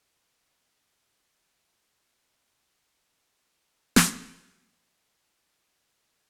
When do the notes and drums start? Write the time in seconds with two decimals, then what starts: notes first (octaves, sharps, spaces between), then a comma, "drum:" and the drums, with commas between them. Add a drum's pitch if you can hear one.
0.10 F5
0.67 G2 A#2 F3 C#4 D#4 G4
1.67 B2 G4 G5 A5 B5
2.11 D4
3.96 drum: snare
5.53 D#4
5.65 D5
5.83 G#4
5.98 G#4
6.13 A#4